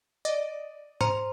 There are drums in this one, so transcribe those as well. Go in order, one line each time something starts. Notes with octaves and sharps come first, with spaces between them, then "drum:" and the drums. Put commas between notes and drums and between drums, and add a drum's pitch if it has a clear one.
D5 D#5
C5 A#5 C6, drum: tom G#2